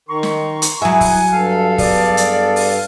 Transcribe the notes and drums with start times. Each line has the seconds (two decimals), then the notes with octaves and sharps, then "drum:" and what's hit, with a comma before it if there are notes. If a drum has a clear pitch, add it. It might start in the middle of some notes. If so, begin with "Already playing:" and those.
0.09 D#3 A#5 C6 C#6
0.23 drum: snare
0.62 drum: hi-hat
0.82 F#3 E4 G#4 E5 F#5 G#5
1.01 drum: kick, open hi-hat
1.32 G2 A4 F5
1.78 B3 G#4 D5, drum: kick, open hi-hat
2.17 drum: hi-hat
2.56 drum: open hi-hat